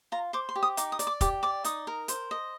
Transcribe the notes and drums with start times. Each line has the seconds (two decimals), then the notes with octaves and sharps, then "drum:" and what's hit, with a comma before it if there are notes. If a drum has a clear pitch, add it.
0.12 F4 A#5
0.33 C5 D6
0.49 C6
0.56 G4
0.63 D#6
0.77 D#4 D6, drum: hi-hat
0.92 D#6
0.99 D5, drum: hi-hat
1.07 D6
1.21 G4 D6, drum: kick, hi-hat
1.43 D5 D6
1.64 D#4 D#6, drum: hi-hat
1.87 A#4
2.08 C5, drum: hi-hat
2.31 D#5